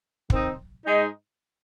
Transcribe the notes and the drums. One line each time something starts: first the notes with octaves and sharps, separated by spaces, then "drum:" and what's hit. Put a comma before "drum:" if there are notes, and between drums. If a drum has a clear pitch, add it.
D#3 C4 D#4, drum: kick
G#2 G#3 D#4